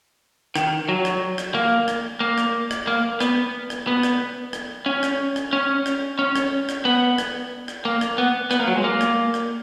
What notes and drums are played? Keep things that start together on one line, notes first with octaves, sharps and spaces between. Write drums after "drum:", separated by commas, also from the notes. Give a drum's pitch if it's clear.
D#3, drum: rim click
F#3
drum: rim click
drum: rim click
A#3
drum: rim click
A#3
drum: rim click
drum: rim click
A#3
B3, drum: rim click
drum: rim click
B3
drum: rim click
drum: rim click
C#4
drum: rim click
drum: rim click
C#4
drum: rim click
C#4
drum: rim click
drum: rim click
B3
drum: rim click
drum: rim click
A#3
drum: rim click
B3
B3, drum: rim click
A#3
F#3
G#3
A#3
drum: rim click
drum: rim click